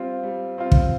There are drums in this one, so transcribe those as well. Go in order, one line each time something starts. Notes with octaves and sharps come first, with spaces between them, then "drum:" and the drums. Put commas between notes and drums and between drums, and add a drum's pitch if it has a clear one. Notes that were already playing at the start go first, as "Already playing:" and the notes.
Already playing: G3 C4 F4
G3
C4 F4
drum: kick